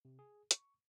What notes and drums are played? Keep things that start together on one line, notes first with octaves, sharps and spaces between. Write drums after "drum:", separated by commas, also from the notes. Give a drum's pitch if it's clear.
C3
G#4
C#6, drum: hi-hat